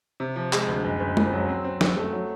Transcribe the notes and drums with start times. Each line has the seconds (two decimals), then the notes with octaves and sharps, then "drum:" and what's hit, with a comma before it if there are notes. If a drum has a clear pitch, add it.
0.20 C3
0.36 F3
0.53 G#3, drum: clap
0.68 D2
0.84 F#1
1.00 F#1
1.17 F2, drum: tom
1.33 F#3
1.49 C4
1.64 C4
1.81 C4, drum: snare
1.96 A3
2.13 F#3